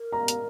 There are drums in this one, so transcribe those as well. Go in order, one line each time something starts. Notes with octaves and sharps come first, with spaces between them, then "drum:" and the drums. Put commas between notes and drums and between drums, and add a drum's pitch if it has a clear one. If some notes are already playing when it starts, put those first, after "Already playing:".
Already playing: A#4
A#5
drum: hi-hat